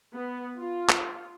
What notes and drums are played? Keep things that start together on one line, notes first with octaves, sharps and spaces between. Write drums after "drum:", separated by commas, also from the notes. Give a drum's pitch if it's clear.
B3
F4
drum: clap